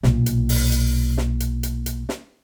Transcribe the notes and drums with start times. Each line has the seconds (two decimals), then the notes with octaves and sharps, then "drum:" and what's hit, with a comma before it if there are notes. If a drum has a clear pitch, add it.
0.03 B1 A#2, drum: snare
0.26 drum: hi-hat
0.49 drum: open hi-hat
0.72 drum: hi-hat
1.18 drum: snare
1.40 drum: hi-hat
1.63 drum: hi-hat
1.86 drum: hi-hat
2.09 drum: snare